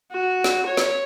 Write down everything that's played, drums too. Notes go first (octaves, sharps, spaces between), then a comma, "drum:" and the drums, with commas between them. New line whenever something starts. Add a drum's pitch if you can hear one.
F#4
drum: snare
C#5
drum: snare